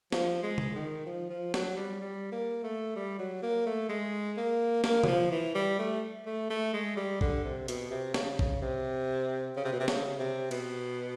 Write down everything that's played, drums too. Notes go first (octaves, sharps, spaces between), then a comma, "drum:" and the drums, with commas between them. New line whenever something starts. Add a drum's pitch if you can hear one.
F3, drum: snare
G#3
drum: tom
D#3
F3
F3
F#3, drum: snare
G3
G3
A#3
A3
G3
F#3
A#3
A3
G#3
A#3
A#3, drum: snare
F#3, drum: tom
F3
E3
G3
A3
A3
A3
G#3
G3
D3, drum: kick
C3
B2, drum: hi-hat
C3
C#3, drum: snare
C#3, drum: kick
C3
C#3
C3
B2
C3
C#3, drum: snare
C3
B2, drum: cymbal